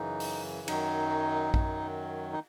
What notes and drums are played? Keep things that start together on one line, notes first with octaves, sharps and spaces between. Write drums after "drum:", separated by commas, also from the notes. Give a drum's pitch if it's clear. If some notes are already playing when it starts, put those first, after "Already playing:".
Already playing: F#2 C#3 E3 D#4
drum: open hi-hat
F#2 D#3 F#3 D#4, drum: cymbal
F#2 D#3 F#3, drum: kick A#1
D#4